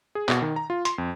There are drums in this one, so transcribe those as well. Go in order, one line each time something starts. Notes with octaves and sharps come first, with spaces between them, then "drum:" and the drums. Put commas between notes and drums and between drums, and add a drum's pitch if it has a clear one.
G#4
B2, drum: clap
D#3
A#5
F4
C6, drum: hi-hat
F2